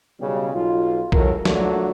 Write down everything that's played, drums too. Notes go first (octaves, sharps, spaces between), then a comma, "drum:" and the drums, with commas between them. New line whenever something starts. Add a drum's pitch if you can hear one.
B1 C#3 G3
B1 F4
C#2 E3 F#3 A4 A#4, drum: kick B1
D3 F3 F#3 A3 A#3 D4, drum: snare